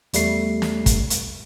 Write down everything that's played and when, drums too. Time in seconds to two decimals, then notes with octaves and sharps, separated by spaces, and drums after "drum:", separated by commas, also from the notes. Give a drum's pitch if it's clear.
0.13 E2 G3 A3 C7, drum: hi-hat
0.62 drum: snare
0.86 drum: kick, hi-hat
1.10 drum: hi-hat